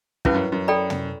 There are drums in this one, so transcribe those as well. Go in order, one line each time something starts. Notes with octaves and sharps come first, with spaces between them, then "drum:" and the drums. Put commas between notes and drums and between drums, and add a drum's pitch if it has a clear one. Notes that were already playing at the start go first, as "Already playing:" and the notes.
G2 C#4 E4 B4, drum: kick
F#2
F#2
A4 D5 G5 B5
drum: tom